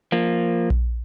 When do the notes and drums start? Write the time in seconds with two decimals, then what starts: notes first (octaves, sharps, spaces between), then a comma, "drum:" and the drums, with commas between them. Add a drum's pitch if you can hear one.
0.12 F3 A#3
0.70 drum: kick A#1